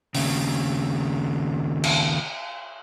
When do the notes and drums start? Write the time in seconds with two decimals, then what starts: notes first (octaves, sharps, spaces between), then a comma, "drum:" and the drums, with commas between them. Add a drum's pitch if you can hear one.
0.15 D#2 C#3, drum: open hi-hat
1.84 drum: cymbal